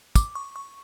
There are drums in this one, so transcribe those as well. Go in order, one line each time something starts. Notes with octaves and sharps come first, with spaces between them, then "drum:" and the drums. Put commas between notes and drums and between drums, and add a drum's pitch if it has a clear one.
D6, drum: kick, tambourine
C#6
C#6